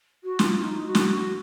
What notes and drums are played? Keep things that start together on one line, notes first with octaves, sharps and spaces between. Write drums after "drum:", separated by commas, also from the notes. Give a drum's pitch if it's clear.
F#4
F4, drum: snare
D#4
F#4
drum: snare
F#4